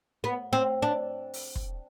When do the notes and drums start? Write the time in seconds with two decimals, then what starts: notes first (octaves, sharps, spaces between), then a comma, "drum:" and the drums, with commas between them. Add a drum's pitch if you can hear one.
0.24 B3
0.53 C4
0.82 D4
1.34 drum: open hi-hat
1.55 drum: kick